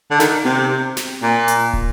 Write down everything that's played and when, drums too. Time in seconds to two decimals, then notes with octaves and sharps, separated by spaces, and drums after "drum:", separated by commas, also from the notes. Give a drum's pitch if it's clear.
0.11 D3
0.20 D#3, drum: snare
0.45 C3, drum: tom B3
0.97 drum: snare
1.23 A#2
1.48 drum: hi-hat
1.73 drum: kick